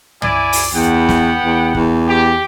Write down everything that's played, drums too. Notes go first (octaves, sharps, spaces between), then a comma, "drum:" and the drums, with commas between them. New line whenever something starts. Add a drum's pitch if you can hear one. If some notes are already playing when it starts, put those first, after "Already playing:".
E4 D5 G#5, drum: tom
drum: open hi-hat
E2 B3 F#5 G5
drum: snare
E2
E2, drum: kick
G4